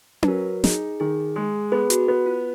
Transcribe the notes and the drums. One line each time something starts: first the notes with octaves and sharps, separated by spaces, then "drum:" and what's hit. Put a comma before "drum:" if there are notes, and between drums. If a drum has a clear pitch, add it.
B4, drum: tom C#4
F#3 A#4
D#4 G#4, drum: snare
D#3 G#4
G#3 G#4
B3 G#4
F#4, drum: hi-hat
B3
F4